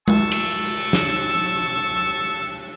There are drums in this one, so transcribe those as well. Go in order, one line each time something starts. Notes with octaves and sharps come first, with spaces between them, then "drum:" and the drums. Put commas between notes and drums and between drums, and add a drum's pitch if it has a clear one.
A5 C#6 E6, drum: tom G#3
drum: cymbal
drum: snare